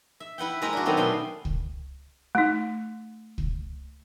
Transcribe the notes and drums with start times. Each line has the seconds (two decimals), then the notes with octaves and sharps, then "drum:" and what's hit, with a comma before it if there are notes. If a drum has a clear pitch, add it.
0.20 E5
0.38 E4 B4 F#5 G5
0.62 G#3 A#3 E4 A#4 C5
0.73 D4 F#4
0.86 D#3 F#3 A3 B3 C4
0.97 F#2 B2 C#4 D4 C6
1.45 drum: kick
2.35 A3 D#4
3.38 drum: kick